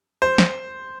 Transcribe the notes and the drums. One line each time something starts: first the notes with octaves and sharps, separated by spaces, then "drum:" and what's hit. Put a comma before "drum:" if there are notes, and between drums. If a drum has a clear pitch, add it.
C5
drum: snare